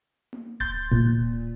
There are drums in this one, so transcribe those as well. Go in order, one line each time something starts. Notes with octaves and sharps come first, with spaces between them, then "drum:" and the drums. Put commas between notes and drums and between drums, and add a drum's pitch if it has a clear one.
drum: tom A#3
C6 G6 A6, drum: kick D1
A#2, drum: kick D1